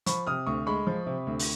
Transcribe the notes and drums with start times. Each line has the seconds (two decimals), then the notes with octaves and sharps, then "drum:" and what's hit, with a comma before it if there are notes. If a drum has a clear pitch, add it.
0.06 F3 B5 C#6, drum: hi-hat
0.27 C3 D#6 F6
0.46 D2 C#6 D#6
0.66 G#3 B5 C#6
0.87 F3
1.06 C3
1.27 D2
1.39 drum: open hi-hat